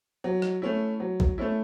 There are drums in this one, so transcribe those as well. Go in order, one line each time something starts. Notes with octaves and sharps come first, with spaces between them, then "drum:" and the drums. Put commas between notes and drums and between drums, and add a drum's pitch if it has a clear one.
F#3
drum: rim click
A3 C#4 E4
F#3
drum: kick A#1
A3 C#4 E4